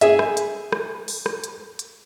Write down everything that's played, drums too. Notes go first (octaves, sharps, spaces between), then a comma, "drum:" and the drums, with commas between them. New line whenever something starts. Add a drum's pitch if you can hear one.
G#4 E5, drum: hi-hat
drum: rim click
drum: hi-hat
drum: rim click
drum: open hi-hat
drum: rim click
drum: hi-hat
drum: hi-hat